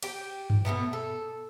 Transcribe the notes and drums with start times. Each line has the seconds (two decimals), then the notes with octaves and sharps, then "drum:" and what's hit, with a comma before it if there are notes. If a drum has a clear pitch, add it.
0.03 G4 G5, drum: cymbal
0.50 drum: tom G2
0.65 B2 G#3 A3 B3
0.93 A4